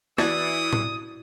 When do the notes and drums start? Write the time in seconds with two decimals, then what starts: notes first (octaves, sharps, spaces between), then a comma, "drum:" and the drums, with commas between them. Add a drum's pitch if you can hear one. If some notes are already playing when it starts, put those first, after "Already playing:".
0.18 E3 E4 F#4 D5 D#6 G#6 A6, drum: snare
0.73 drum: tom A2